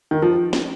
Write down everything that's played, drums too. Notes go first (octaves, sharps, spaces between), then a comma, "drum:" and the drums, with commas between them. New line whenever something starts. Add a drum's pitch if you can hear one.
D#3
F3
drum: snare